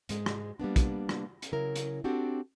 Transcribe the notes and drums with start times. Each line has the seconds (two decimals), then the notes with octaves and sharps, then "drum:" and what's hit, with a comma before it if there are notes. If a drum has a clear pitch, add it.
0.09 G#2 G#3, drum: hi-hat
0.26 drum: rim click
0.59 G3 A#3 B3 D4
0.76 drum: kick, hi-hat
1.09 drum: rim click
1.42 drum: hi-hat
1.52 C#3 F#3 E4 A#4
1.76 drum: hi-hat
2.04 C4 D4 F#4 G4 A4